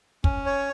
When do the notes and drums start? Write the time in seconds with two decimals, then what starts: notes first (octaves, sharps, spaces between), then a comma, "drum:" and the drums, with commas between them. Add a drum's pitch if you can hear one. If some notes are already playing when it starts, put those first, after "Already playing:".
0.24 C#4, drum: kick
0.46 C#5